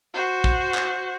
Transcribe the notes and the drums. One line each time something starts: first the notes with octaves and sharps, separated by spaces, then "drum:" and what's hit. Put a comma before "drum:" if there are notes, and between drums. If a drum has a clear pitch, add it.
F#4 C5
drum: kick
drum: clap